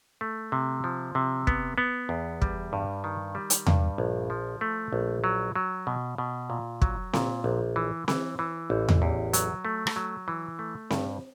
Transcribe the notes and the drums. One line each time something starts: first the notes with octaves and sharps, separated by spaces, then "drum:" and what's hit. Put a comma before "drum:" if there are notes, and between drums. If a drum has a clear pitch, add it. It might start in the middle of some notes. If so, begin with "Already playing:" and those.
A3
C3
F3
C3
B3, drum: kick
B3
E2
G3, drum: kick
G2
D#3
G3
drum: hi-hat
G2, drum: tom E2
A#1
F3
A3
A#1
F#3
F#3
B2
B2
A#2
F#3, drum: kick
A#2, drum: snare C4
A#1
E3
E3, drum: snare C4
E3
A1
drum: tom E2
E2
F#3, drum: hi-hat
A3
drum: rim click
F#3
E3
A3
G2, drum: snare C4